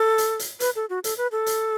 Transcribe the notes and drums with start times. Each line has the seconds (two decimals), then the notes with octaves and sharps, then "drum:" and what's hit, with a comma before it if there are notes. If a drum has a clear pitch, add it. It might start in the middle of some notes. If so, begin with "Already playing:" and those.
Already playing: A4
0.18 drum: hi-hat
0.39 drum: hi-hat
0.60 B4, drum: hi-hat
0.76 A4
0.90 F#4
1.04 A4, drum: hi-hat
1.17 B4
1.32 A4
1.46 drum: hi-hat